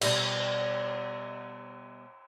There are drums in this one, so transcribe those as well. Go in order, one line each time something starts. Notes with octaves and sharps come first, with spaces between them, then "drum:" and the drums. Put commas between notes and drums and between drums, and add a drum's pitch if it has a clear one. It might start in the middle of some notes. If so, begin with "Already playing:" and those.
B2 G3 E5, drum: cymbal